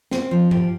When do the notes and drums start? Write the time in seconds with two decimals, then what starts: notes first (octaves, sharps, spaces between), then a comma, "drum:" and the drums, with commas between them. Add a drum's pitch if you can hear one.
0.11 C4, drum: snare
0.31 F3
0.51 G4, drum: tom G2